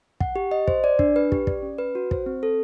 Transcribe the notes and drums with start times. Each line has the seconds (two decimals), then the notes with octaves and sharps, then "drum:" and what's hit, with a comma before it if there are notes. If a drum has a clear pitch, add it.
0.20 F#5, drum: kick
0.36 G4
0.51 D#5
0.68 C5, drum: kick
0.84 D5
0.99 D4, drum: kick
1.16 B4
1.32 G4, drum: kick
1.47 D5, drum: kick
1.63 C#4
1.78 B4
1.95 F#4
2.11 C5, drum: kick
2.26 C4
2.43 A4